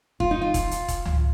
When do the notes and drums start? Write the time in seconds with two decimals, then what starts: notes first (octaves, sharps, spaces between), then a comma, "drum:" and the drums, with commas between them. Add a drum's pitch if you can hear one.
0.20 F4, drum: kick E1
0.31 D#4
0.41 F4
0.54 drum: kick E1, hi-hat
0.71 drum: hi-hat
0.88 drum: kick E1, hi-hat
1.06 drum: tom C#2